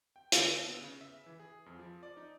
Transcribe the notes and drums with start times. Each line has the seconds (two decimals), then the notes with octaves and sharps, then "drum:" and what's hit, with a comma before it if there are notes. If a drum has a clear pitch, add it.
0.16 G5
0.32 D3, drum: hi-hat
0.51 E6
0.67 B3
0.81 C#3
1.01 E5
1.26 E3
1.39 G#4
1.66 F2
1.79 F3
2.03 D5
2.17 D#4